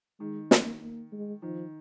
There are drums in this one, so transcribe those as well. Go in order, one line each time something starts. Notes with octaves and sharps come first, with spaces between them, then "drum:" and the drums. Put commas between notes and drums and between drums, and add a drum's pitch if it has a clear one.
D#3 G#3
A#3, drum: snare
A#3
G#3
D#3 F3